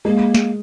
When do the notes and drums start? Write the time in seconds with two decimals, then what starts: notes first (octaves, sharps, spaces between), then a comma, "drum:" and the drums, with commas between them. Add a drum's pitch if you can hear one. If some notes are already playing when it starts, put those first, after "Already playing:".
0.05 G#3 A#3
0.34 drum: snare